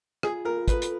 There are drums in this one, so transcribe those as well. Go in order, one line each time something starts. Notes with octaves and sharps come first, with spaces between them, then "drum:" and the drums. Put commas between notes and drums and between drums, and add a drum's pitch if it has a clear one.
F4 G#4, drum: rim click
F4 A#4
A4 B4, drum: kick, hi-hat
drum: hi-hat